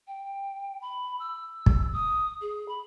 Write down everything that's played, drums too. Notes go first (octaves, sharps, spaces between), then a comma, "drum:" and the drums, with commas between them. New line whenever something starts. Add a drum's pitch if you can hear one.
G5
B5
E6
drum: kick
D#6
G#4
B5